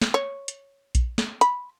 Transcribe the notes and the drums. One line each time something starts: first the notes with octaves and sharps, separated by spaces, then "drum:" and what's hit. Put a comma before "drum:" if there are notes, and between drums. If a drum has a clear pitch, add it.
drum: snare
C#5
drum: hi-hat
drum: kick A#1, hi-hat
drum: snare
B5, drum: hi-hat